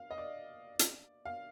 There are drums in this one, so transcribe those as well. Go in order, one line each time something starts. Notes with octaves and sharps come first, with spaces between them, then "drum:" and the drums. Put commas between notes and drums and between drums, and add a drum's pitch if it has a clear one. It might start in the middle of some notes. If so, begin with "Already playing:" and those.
Already playing: F5
D#5
D5
drum: hi-hat
F5